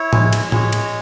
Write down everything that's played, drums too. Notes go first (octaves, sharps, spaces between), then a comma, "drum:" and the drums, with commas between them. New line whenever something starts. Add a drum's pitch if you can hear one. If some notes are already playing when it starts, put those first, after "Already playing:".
Already playing: E4 C#5
G#3, drum: tom A2
drum: cymbal
G#3, drum: tom A2
drum: cymbal